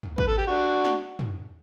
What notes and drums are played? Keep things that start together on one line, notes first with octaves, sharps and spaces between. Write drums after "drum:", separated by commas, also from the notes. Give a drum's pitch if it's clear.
drum: tom
B4, drum: kick
A4
G4
D4 F#4
drum: snare
drum: tom